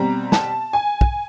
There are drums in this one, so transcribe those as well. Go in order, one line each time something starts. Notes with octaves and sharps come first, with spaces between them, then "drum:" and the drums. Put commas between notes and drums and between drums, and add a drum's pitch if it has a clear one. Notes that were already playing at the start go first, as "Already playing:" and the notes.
Already playing: B2 G3 C4 A#5
A5, drum: snare
G#5
drum: kick